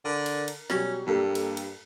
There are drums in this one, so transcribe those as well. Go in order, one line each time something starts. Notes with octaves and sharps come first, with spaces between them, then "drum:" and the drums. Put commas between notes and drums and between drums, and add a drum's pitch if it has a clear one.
D3 A#4
drum: cymbal
drum: cymbal
B2 F#3 G3 C#4, drum: snare
G2 G3 A#3 A4
drum: cymbal
drum: cymbal